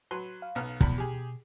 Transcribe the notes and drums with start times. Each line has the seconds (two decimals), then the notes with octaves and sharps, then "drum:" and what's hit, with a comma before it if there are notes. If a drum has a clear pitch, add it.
0.11 F#3 B4 C6
0.42 F5
0.55 B1 B3 F6
0.81 E2 B2 B5, drum: kick
0.98 G4 G#4